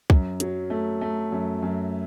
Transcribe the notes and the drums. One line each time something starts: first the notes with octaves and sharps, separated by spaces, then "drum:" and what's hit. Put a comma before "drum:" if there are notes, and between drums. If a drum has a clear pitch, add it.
F#2, drum: kick
F#3, drum: hi-hat
A3
A3
F#2
F#2